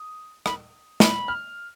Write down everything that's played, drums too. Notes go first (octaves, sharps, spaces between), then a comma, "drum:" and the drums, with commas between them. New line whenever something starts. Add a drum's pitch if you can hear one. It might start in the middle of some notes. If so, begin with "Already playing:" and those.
Already playing: D#6
B5, drum: rim click
B5, drum: snare
F6